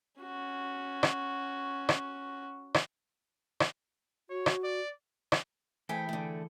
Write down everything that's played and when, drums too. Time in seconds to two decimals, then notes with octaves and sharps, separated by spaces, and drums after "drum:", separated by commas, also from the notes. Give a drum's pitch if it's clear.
0.21 C#4 F#4
1.03 drum: rim click
1.89 drum: rim click
2.74 drum: rim click
3.60 drum: rim click
4.30 F#4 C#5
4.46 drum: rim click
4.64 D5
5.32 drum: rim click
5.89 E3 A3 C4 G#4 A4 G5 G#5 B5
6.09 D3 A3